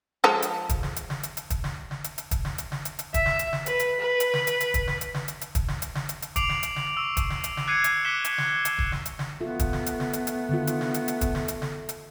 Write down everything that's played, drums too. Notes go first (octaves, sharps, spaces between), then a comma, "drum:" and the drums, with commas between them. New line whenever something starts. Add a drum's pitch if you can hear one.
F3 G#3 A4
drum: hi-hat
drum: kick, hi-hat
drum: snare
drum: hi-hat
drum: snare
drum: hi-hat
drum: hi-hat
drum: kick, hi-hat
drum: snare
drum: snare
drum: hi-hat
drum: hi-hat
drum: kick, hi-hat
drum: snare
drum: hi-hat
drum: snare
drum: hi-hat
drum: hi-hat
E5, drum: kick, hi-hat
drum: snare
drum: hi-hat
drum: snare
B4, drum: hi-hat
drum: hi-hat
B4
drum: hi-hat
drum: snare
drum: hi-hat
drum: hi-hat
drum: kick, hi-hat
drum: snare
drum: hi-hat
drum: snare
drum: hi-hat
drum: hi-hat
drum: kick, hi-hat
drum: snare
drum: hi-hat
drum: snare
drum: hi-hat
drum: hi-hat
D6 C7 D7 F7 F#7, drum: kick, hi-hat
drum: snare
drum: hi-hat
drum: snare
C#6 E6
drum: kick, hi-hat
drum: snare
drum: hi-hat
drum: snare
D6 F#6 G#6 C7 C#7 D#7
drum: hi-hat
D6 F#6 B6 C#7 E7 G7
drum: hi-hat
drum: snare
drum: hi-hat
drum: kick
drum: snare
drum: hi-hat
drum: snare
A3 B3 F4
drum: kick, hi-hat
drum: snare
drum: hi-hat
drum: snare
drum: hi-hat
drum: hi-hat
D3 D#3 F4
drum: hi-hat
drum: snare
drum: hi-hat
drum: hi-hat
drum: kick, hi-hat
drum: snare
drum: hi-hat
drum: snare
drum: hi-hat